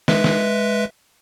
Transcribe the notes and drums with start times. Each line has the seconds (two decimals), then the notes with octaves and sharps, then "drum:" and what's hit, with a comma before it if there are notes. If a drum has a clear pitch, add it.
0.08 G#3 B4 E5, drum: snare
0.24 drum: snare